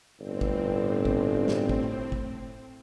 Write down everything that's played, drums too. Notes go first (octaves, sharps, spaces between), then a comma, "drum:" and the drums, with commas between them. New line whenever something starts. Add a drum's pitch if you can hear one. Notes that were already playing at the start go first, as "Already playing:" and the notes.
G1 A2 C4
drum: kick
drum: kick
drum: snare
drum: kick
drum: kick